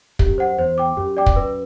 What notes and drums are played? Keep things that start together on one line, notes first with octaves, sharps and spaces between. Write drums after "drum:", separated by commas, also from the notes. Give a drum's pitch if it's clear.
F#2 G4, drum: kick
C5 F#5
E2 C5
G5 D6
F#2 G4
D5 G5 D6
drum: kick
B4